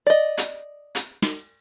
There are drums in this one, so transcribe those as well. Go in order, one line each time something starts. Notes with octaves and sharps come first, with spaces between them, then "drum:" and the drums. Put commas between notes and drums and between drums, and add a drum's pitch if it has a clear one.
D5 D#5
drum: hi-hat
drum: hi-hat
drum: snare